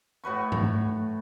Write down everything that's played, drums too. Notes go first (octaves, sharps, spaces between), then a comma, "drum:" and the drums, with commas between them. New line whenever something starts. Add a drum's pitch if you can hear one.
A2 F#4 B4 C#6
drum: tom G#2